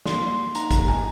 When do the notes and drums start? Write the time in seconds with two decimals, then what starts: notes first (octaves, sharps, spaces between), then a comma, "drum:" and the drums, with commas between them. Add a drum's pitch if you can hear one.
0.06 A#3 C6, drum: snare
0.30 A#3
0.55 D#4 A#5, drum: hi-hat
0.71 A#5, drum: kick, hi-hat
0.79 G4
0.88 G#5, drum: tom G#2